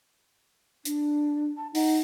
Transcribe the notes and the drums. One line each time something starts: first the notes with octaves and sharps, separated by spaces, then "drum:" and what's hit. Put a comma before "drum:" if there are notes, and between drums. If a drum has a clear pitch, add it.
D4, drum: hi-hat
A5
D#4 F#5, drum: open hi-hat